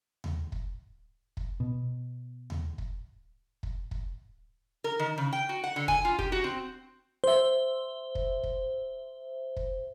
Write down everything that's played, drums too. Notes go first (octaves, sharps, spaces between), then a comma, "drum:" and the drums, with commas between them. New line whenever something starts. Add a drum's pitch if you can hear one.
drum: tom D#2
drum: kick
drum: kick
B2
drum: tom D#2
drum: kick
drum: kick
drum: kick
A#4
D#3
C#3
G5
F#4
F#5
D3
G#5, drum: kick
F4
G4, drum: kick
F#4
C4
C5 E5
drum: kick
drum: kick
drum: kick